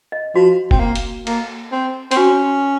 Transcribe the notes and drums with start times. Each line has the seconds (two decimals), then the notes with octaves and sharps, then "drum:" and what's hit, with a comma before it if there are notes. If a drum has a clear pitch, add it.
0.12 D#5
0.35 F3 F#4
0.71 C4, drum: kick F1
0.80 A#3
0.95 drum: hi-hat
1.27 A#3, drum: cymbal
1.72 C4
2.11 C4, drum: hi-hat
2.17 C#4 F#4